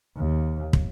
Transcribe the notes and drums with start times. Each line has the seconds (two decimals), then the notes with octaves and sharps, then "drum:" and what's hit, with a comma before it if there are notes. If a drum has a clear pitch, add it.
0.16 D#2
0.73 drum: kick